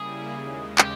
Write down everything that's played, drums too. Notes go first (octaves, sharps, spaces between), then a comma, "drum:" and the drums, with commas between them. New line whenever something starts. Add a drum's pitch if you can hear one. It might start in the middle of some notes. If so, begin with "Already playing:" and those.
Already playing: C#3 G3 A#3 E4 G#4
D#2 C#3 G#3
G4, drum: clap